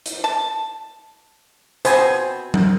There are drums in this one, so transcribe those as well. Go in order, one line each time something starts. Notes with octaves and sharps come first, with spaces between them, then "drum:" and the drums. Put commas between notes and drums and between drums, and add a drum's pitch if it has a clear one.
drum: hi-hat
A5
B2 C4 C5 G#5, drum: hi-hat
drum: tom F#3